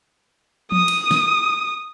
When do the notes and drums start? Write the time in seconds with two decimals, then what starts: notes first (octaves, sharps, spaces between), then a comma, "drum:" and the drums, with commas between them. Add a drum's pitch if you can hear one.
0.72 D#6, drum: tom F3
0.88 drum: cymbal
1.11 drum: snare